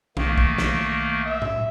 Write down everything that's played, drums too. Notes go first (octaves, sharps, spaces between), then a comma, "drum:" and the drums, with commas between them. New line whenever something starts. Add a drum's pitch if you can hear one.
B1 D#3 A3 A#3, drum: tom D#3
drum: kick
drum: snare
E5
drum: tom A2